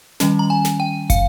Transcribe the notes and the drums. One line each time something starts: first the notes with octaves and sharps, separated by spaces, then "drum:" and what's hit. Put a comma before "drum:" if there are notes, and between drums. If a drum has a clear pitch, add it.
D#3 G3 C#4, drum: snare
A#5
G#5
drum: snare
G5
F5, drum: kick, hi-hat